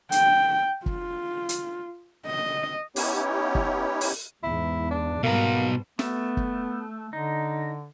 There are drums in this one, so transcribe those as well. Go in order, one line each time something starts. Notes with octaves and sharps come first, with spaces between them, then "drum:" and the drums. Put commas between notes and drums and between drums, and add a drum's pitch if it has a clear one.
G5, drum: hi-hat
F4, drum: kick
drum: hi-hat
D#5
B3 C#4 D#4 E4 G4 C#5, drum: open hi-hat
drum: kick
drum: open hi-hat
E2 G#2 E4
D4
G#2 B2 G3 A#3 B3 A#5
A3 B3, drum: snare
drum: kick
D3 D#4